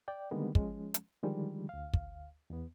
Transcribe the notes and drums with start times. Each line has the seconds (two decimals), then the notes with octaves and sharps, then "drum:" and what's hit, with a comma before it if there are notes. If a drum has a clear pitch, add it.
0.08 D5 G5
0.31 D3 D#3 G3 G#3 A#3 B3
0.55 F3 G#3 C#4, drum: kick
0.94 drum: hi-hat
1.23 D3 D#3 F3 G3 G#3
1.69 D2 F5
1.94 drum: kick
2.50 E2 B3